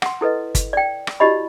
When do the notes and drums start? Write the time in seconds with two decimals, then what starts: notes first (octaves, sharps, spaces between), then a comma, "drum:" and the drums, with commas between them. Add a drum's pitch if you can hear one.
0.02 F#5 C6, drum: rim click
0.21 E4 A4 B4 D#5
0.55 drum: kick G1, hi-hat
0.73 D5 G5
1.07 drum: rim click
1.20 E4 F#4 G4 D5 D#5 B5